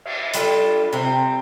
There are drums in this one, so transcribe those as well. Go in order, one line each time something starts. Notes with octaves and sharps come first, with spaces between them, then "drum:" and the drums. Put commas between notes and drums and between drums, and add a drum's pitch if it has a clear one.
drum: cymbal
G3 D4 F4 A4, drum: hi-hat
C3 G3 C4